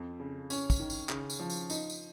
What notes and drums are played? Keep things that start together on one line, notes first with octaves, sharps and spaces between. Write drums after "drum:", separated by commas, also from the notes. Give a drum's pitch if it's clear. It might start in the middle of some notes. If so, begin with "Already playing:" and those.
Already playing: F2 F3
C#3
C#4, drum: tambourine
drum: kick, tambourine
D#3
drum: tambourine
C#3, drum: clap
drum: tambourine
F3
drum: tambourine
D#4, drum: tambourine
drum: tambourine